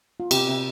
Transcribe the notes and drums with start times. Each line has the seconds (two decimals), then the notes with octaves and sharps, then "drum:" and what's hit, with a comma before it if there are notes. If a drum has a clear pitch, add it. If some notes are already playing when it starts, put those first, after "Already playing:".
0.20 F4
0.31 C3 G4, drum: cymbal
0.48 C3